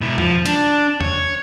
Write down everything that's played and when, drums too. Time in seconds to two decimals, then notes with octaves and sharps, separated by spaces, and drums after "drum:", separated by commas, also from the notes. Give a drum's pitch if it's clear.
0.01 B2 E4
0.18 F3, drum: tom E2
0.46 D4, drum: hi-hat
1.01 C#5, drum: tom E2